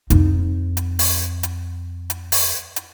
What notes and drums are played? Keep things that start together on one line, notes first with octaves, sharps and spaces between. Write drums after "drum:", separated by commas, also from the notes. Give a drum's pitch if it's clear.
F2 D#4, drum: hi-hat
drum: hi-hat
drum: open hi-hat
drum: hi-hat
drum: hi-hat
drum: open hi-hat
drum: hi-hat